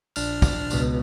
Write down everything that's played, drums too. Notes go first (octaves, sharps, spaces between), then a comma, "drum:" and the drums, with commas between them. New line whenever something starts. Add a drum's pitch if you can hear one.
A#1 D4 F6, drum: tambourine
drum: kick, tambourine
C#2 B2, drum: tambourine